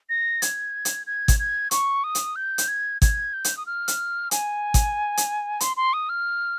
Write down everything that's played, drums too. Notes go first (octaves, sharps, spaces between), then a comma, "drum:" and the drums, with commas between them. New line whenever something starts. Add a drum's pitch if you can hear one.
A#6
G#6, drum: hi-hat
drum: hi-hat
G#6
drum: kick, hi-hat
G#6
C#6, drum: hi-hat
D#6
drum: hi-hat
G6
drum: hi-hat
G#6
G#6, drum: kick, hi-hat
G6
drum: hi-hat
D#6
F6
drum: hi-hat
G#5, drum: hi-hat
drum: kick, hi-hat
drum: hi-hat
C6, drum: hi-hat
C6
D#6
F6